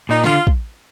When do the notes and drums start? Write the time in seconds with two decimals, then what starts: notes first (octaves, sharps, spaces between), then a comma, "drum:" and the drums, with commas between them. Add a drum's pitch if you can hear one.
0.09 A#2 D#4
0.24 D3 F4, drum: snare
0.47 drum: kick